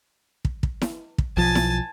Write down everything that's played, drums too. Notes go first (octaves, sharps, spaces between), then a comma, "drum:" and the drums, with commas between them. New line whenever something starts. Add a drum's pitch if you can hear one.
drum: kick
drum: kick
drum: snare E4
drum: kick
B1 F3 G#5 A5
drum: snare E4